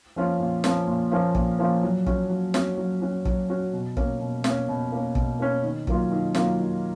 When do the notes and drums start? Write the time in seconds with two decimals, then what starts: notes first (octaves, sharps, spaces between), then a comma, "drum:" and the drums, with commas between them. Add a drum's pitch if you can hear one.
0.16 F3 A#3 C#4 F4
0.40 A#2
0.64 F3 A#3 C#4 F4, drum: snare
0.87 A#2
1.11 F3 A#3 C#4 F4
1.35 A#2, drum: kick
1.59 F3 A#3 C#4 F4
1.83 F#3
2.06 C#4 F#4, drum: kick
2.30 F#3
2.54 C#4 F#4, drum: snare
2.77 F#3
3.02 C#4 F#4
3.25 F#3, drum: kick
3.50 C#4 F#4
3.73 B2
3.97 A#3 C#4, drum: kick
4.20 B2
4.44 A#3 C#4, drum: snare
4.68 B2
4.92 A#3 C#4
5.15 B2, drum: kick
5.39 A#3 C#4
5.63 D#3
5.87 F#3 A#3 F4, drum: kick
6.12 D#3
6.35 F#3 A#3 F4, drum: snare
6.59 D#3